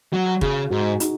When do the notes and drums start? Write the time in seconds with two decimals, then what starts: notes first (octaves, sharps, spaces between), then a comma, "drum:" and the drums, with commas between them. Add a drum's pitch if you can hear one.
0.12 F#3 F#4
0.41 C#3 G#4, drum: kick
0.71 G#2 F#4
1.00 D#4, drum: hi-hat